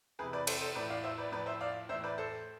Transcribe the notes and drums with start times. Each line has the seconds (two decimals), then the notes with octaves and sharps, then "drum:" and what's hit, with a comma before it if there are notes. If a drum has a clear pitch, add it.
0.19 C3 E3 G#4 B4
0.33 B4 D5
0.47 A4 C5, drum: cymbal
0.61 A4 C5
0.75 A2 E3 B4 D5
0.90 D5 F5
1.04 C5 E5
1.18 B4 D5
1.32 A2 F3 B4 D5
1.46 C5 E5
1.61 D5 F5
1.89 A2 E3 C5 E5
2.04 B4 D5
2.18 A4 C5